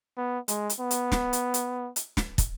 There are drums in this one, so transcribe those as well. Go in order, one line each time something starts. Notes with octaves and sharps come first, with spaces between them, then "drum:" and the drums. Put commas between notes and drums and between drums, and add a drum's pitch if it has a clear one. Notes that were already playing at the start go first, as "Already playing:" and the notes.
B3
G#3, drum: hi-hat
drum: hi-hat
B3
drum: hi-hat
drum: snare
drum: hi-hat
drum: hi-hat
drum: hi-hat
drum: snare
drum: kick, hi-hat